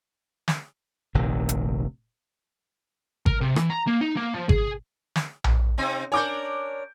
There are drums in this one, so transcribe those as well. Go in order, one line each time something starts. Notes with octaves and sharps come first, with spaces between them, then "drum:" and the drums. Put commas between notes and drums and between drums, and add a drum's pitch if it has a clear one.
drum: snare
F1 A#1 C3 D#3
drum: hi-hat
A#4, drum: kick G#1
C3
E3, drum: rim click
A#5
A#3
D#4
A#3
F3
G#4, drum: kick G#1
drum: snare
drum: tom A#1
C3 C4 D#4
D4 A#4 C#5 G#5 D6 G6